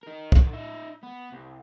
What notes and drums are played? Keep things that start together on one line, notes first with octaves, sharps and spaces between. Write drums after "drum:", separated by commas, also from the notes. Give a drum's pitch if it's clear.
D#4 A#4
D3 D#3, drum: kick
D#4 E5
B3
C2